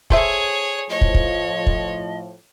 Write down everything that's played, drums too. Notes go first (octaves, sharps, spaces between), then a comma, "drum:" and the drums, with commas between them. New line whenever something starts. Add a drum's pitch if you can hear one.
G#4 A4 C5 C#5 E5, drum: kick
A2 F3 C#5 D#5
drum: kick
drum: kick
drum: kick